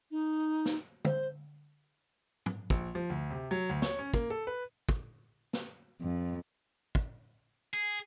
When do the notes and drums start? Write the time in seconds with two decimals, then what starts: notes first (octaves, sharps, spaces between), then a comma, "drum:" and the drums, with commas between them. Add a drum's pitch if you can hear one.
0.11 D#4
0.65 drum: snare
1.05 C5, drum: tom
2.46 drum: tom
2.70 A#1, drum: kick
2.95 F3
3.10 D2
3.31 C3
3.51 F#3
3.69 D2
3.82 C#5, drum: snare
3.99 C#4
4.14 A#3, drum: kick
4.30 A4
4.47 B4
4.89 drum: kick
5.53 drum: snare
6.01 F2
6.95 drum: kick
7.74 G#4